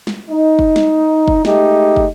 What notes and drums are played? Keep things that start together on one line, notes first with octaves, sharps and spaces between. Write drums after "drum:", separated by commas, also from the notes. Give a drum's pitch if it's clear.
drum: snare
D#4
drum: kick
drum: snare
drum: kick
G#3 A3 D#4 G4, drum: snare
drum: kick